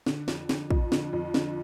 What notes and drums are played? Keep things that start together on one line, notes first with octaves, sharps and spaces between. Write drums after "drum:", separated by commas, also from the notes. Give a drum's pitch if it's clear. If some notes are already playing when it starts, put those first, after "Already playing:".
D3, drum: snare
F2, drum: snare
D3, drum: snare
F2, drum: kick
D3, drum: snare
F2
D3, drum: snare